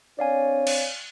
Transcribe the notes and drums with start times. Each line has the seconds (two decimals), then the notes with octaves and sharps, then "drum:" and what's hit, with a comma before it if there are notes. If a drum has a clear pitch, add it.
0.19 C4 D4 C#5 D5 F5 G#5
0.67 drum: cymbal